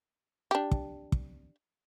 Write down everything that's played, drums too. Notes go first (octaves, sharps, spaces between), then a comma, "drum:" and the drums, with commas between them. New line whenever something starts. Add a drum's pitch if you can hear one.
D4 G4
drum: kick
drum: kick